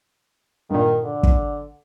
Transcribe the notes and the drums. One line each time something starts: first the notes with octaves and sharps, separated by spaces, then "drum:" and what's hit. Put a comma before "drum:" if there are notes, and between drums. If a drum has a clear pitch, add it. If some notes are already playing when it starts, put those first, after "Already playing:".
G2 A#2 D#3
D3
drum: kick